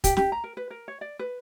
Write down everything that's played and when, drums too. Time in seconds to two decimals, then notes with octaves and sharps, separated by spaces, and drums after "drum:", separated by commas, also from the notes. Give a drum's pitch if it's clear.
0.04 G4, drum: kick, hi-hat
0.17 G4, drum: snare
0.32 A#5
0.44 A#4
0.57 B4
0.71 A#4
0.88 C#5
1.01 D5
1.19 B4